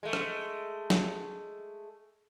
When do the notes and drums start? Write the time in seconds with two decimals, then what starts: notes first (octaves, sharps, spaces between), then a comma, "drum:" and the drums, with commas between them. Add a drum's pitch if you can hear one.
0.03 G#3 A3
0.13 drum: rim click
0.90 drum: snare